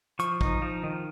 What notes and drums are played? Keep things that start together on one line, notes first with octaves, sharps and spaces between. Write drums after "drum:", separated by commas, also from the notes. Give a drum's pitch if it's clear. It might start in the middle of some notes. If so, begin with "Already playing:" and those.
F3 C#6, drum: hi-hat
D#4, drum: kick
F3
D#3